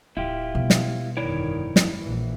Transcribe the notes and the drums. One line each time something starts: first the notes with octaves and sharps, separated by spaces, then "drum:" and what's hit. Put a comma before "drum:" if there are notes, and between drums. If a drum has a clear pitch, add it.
D1 E4 F4 G4
B2 G3
drum: snare
G1 F2 D#3 E4 C#5 D5
drum: snare
A#1 E3